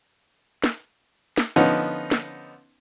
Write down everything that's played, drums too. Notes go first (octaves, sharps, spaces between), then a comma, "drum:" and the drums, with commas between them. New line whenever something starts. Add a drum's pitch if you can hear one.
drum: snare
drum: snare
D3 F3 B3 C#4 D#4
drum: snare